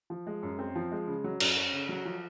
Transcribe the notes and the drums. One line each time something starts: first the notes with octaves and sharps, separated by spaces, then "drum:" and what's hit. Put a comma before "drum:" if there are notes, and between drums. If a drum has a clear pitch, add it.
F3
G#3
F#2
C4
F3
G#3
C#3
F#3
F#2, drum: cymbal
C#4
C#3
F#3
F3